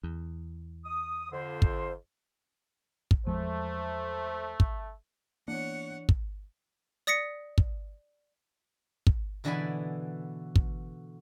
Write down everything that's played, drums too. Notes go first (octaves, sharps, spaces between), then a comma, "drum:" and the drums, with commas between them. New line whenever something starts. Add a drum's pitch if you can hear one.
E2
D#6
F2 D3 C5
drum: kick
drum: kick
E2 F3 G#3 A3 C5
drum: kick
E3 A#3 B3 D4 C#5 F#5
drum: kick
D5 D#6 A#6 B6 C#7
drum: kick
drum: kick
B2 D3 E3 D5 G#5 B5
drum: kick